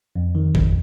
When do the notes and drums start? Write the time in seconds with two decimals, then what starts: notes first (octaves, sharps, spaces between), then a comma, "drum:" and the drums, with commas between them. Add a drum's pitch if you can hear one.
0.16 F2
0.35 D#3
0.55 F2, drum: kick